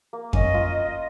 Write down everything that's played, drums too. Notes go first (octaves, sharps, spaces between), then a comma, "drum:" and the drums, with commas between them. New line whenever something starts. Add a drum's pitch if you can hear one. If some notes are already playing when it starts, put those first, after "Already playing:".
A#3
C#4 D#5, drum: kick F2
F4